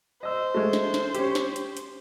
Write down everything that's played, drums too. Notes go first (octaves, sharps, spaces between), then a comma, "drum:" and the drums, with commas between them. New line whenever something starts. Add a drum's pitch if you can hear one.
C5 D#5 E6
G#3 A3
drum: snare
drum: snare
C#4 G4, drum: hi-hat
drum: snare
drum: hi-hat
drum: hi-hat